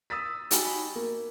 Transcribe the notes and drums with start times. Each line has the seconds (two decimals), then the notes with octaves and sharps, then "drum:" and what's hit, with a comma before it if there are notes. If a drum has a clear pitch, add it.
0.10 D#6 E6 A6 B6
0.51 D#4 F#4 G4 F#5 G#5 B5, drum: hi-hat
0.96 A#3